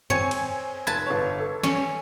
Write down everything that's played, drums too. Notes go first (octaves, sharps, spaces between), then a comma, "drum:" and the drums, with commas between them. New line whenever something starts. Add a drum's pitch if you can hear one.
C4 C#5 G#5, drum: tom F#2
drum: cymbal
F1 B4 A5 G#6
G1 C#5
A4
C#4, drum: snare